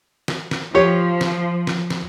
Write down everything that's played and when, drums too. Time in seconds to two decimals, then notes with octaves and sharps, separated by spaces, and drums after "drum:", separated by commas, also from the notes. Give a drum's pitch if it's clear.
0.28 drum: snare
0.51 drum: snare
0.75 F3 G4 C#5
1.21 drum: snare
1.67 drum: snare
1.90 drum: snare